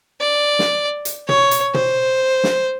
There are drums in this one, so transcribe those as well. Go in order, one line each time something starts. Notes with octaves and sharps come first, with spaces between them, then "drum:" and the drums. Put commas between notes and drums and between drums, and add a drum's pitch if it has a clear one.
D5
drum: snare
drum: hi-hat
C#5, drum: tom
drum: hi-hat
C5, drum: tom
drum: snare